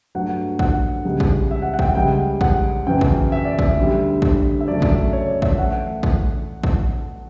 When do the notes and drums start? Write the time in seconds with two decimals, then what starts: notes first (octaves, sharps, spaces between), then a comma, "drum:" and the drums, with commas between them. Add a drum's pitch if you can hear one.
0.15 G2 F#3 A3 F#5
0.59 F#5, drum: kick A1
1.05 C#2 C#3 G3
1.20 drum: kick A1
1.51 E5
1.62 F#5
1.74 F#5
1.79 G5, drum: kick A1
1.84 F#5
1.95 C#2 C#3 G3 G5
2.41 F#5, drum: kick A1
2.86 F#2 C#3 E3 G5
3.01 drum: kick A1
3.32 E5
3.45 D5
3.59 E5, drum: kick A1
3.77 D2 D3 G3
4.22 drum: kick A1
4.61 E5
4.68 F#2 C#3 F#3 A3 D5
4.82 E5, drum: kick A1
5.13 C#5
5.28 D5
5.42 E5, drum: kick A1
5.58 E3 A3 F#5
6.03 drum: kick A1
6.64 drum: kick A1